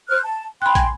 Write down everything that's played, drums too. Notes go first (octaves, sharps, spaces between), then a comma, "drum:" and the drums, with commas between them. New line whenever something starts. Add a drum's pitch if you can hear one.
C5 F6 F#6
A5
G5 B5 C6 F#6
G#5 G#6, drum: kick, hi-hat